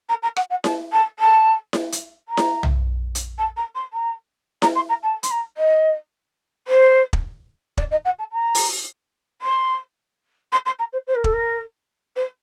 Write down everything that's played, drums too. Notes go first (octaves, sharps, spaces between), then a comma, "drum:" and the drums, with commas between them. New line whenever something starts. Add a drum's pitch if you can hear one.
A#5
A#5
F#5, drum: rim click
F#5
A5, drum: snare E4
A5
A5
drum: snare E4
drum: hi-hat
A#5
drum: snare E4
drum: tom
drum: hi-hat
A5
A#5
C6
A#5
A#5, drum: snare E4
C6
A#5
A5
C6, drum: hi-hat
A#5
D#5
C5
drum: kick
D5, drum: kick
D#5
F#5
A5
A#5
drum: open hi-hat
C6
C6
C6
A#5
C5
C5
A#4
A4, drum: kick
A#4
C5